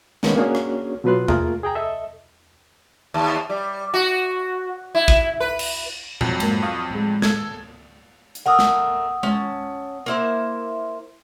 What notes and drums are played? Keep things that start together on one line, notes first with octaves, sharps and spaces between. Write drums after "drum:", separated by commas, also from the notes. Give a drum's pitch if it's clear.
D#3 G#3 A#3 B3 C#4, drum: snare
A#3 C#4 D4 F#4 G#4 C#5
drum: rim click
B2 F#3 F4 B4 C6 F#6
A3 A#3 F4 G#4 A#4, drum: tom
G#4 G5 A#5
A4 D#5 E5
D#2
G3
F#4
E4
drum: kick
B4
drum: cymbal
F2 F#3, drum: tom A#2
G#2 A#3, drum: cymbal
F5 C#6 D#6
A2 G#3
A4 G#6, drum: snare
drum: hi-hat
A3 A#4 F#5 D#6 E6
drum: snare
C#4 A5, drum: tom G#3
A#3 E4 C5